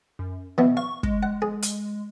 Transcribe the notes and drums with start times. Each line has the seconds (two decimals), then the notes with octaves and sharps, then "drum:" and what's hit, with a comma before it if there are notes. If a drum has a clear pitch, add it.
0.19 F#2
0.58 B2 E3 B3
0.77 F5 C#6
1.03 G#3, drum: kick
1.23 F#5
1.42 G#4
1.62 drum: hi-hat